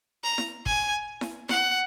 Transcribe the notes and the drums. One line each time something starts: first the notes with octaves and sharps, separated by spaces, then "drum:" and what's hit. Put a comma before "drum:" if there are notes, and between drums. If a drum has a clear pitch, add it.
A#5
drum: snare E4
G#5, drum: kick
drum: snare E4
F#5, drum: snare E4